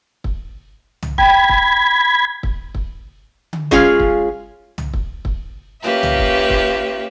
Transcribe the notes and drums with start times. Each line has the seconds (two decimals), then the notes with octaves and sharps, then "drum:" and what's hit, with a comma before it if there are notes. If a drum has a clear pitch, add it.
0.24 drum: kick
1.02 drum: tom
1.18 G5 B5 G#6, drum: kick
1.49 drum: kick
2.43 drum: kick
2.75 drum: kick
3.53 drum: tom D3
3.71 G#3 C#4 F4 G#4 F5, drum: kick
4.00 drum: kick
4.78 drum: tom
4.94 drum: kick
5.25 drum: kick
5.83 A#3 C#4 F4 G4 B4 E5
6.03 drum: tom
6.19 drum: kick
6.50 drum: kick